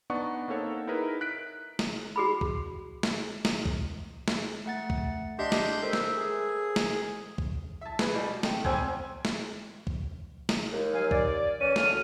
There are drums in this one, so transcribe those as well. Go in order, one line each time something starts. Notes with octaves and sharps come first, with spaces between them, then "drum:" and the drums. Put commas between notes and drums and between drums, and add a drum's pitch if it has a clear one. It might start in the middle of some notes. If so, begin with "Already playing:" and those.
B3 D4 D#4 D5 F#5 C#6
A#3 C4 D#4 A4 C#5 F#5
D#4 E4 G#4 A#4 B4
F#6 B6 D7
drum: snare
F#4 G#4 B5
drum: kick
drum: snare
drum: snare
drum: kick
drum: snare
A3 F#5 A6
drum: kick
D4 G4 D#5 E5 C6 G6
drum: snare
A4 A#4 C5 E5
drum: snare
G#4
drum: snare
drum: kick
E5 A5
G#4 B4, drum: snare
B2 G3
A3 C4, drum: snare
E2 C4 G#5, drum: kick
drum: snare
drum: kick
drum: snare
D#2
F#3 F5 G#5
D5, drum: kick
E3 C#4 D#7
D2 F6, drum: snare